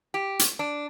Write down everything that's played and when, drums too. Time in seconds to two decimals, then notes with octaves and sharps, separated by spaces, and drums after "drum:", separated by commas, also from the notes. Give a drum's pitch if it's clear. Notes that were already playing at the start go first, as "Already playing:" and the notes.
0.14 G4
0.39 drum: hi-hat
0.59 D4